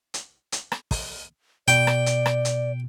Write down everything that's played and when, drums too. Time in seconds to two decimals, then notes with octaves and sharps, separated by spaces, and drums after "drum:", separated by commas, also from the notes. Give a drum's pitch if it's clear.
0.14 drum: hi-hat
0.52 drum: hi-hat
0.72 drum: rim click
0.91 drum: kick, open hi-hat
1.68 B2 D5 G5, drum: hi-hat
1.87 drum: rim click
2.06 drum: hi-hat
2.26 drum: rim click
2.45 drum: hi-hat